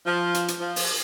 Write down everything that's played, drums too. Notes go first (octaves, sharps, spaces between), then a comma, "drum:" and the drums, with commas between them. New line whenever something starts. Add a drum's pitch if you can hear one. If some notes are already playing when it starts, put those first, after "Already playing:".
F3
drum: hi-hat
drum: hi-hat
F3
drum: open hi-hat